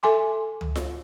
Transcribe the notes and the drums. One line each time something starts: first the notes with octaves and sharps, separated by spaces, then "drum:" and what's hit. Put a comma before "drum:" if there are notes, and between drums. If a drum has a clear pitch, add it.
A4 E5 G#5 C6 D6
drum: tom C#2
drum: snare F4